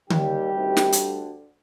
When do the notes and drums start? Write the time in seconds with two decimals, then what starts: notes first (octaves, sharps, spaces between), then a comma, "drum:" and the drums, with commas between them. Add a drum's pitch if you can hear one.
0.10 D#2 D#3 G3 G4, drum: tom D3
0.52 D2 C3 D#3
0.77 drum: snare
0.92 D2 D3, drum: hi-hat